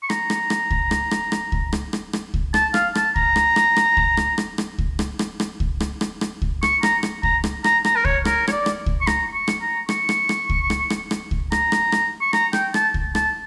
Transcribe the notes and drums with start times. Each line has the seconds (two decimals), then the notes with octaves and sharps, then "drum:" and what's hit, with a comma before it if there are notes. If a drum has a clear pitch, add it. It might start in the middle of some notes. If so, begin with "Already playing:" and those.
0.03 C#6
0.10 A#5, drum: rim click
0.30 drum: rim click
0.50 drum: rim click
0.71 drum: kick C#2
0.91 drum: rim click
1.11 drum: rim click
1.32 drum: rim click
1.52 drum: kick C#2
1.73 drum: rim click
1.93 drum: rim click
2.13 drum: rim click
2.34 drum: kick C#2
2.54 A5, drum: rim click
2.74 F5, drum: rim click
2.95 A5, drum: rim click
3.16 A#5, drum: kick C#2
3.36 drum: rim click
3.56 drum: rim click
3.76 drum: rim click
3.97 drum: kick C#2
4.17 drum: rim click
4.38 drum: rim click
4.58 drum: rim click
4.78 drum: kick C#2
4.99 drum: rim click
5.19 drum: rim click
5.40 drum: rim click
5.60 drum: kick C#2
5.80 drum: rim click
6.01 drum: rim click
6.21 drum: rim click
6.42 drum: kick C#2
6.63 C#6, drum: rim click
6.83 A#5, drum: rim click
7.03 drum: rim click
7.23 A#5, drum: kick C#2
7.44 drum: rim click
7.64 A#5, drum: rim click
7.85 A#5, drum: rim click
7.96 A#4
8.05 C#5, drum: kick C#2
8.25 A#4, drum: rim click
8.47 C#5, drum: rim click
8.52 D5
8.66 drum: rim click
8.86 drum: kick C#2
9.01 C#6
9.07 A#5, drum: rim click
9.34 C#6
9.48 drum: rim click
9.62 A#5
9.89 C#6, drum: rim click
10.09 drum: rim click
10.29 drum: rim click
10.50 drum: kick C#2
10.70 drum: rim click
10.90 drum: rim click
11.11 drum: rim click
11.31 drum: kick C#2
11.52 A#5, drum: rim click
11.72 drum: rim click
11.92 drum: rim click
12.21 C#6
12.33 A#5, drum: rim click
12.53 G5, drum: rim click
12.74 A5, drum: rim click
12.94 drum: kick C#2
13.15 A5, drum: rim click